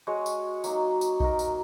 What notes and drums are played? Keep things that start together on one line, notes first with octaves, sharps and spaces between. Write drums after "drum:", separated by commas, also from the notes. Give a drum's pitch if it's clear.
G#3 F#4 C#5
drum: tambourine
F#3 A#3 D#4, drum: tambourine
drum: tambourine
D#4 F#4 A#4, drum: kick B1
drum: tambourine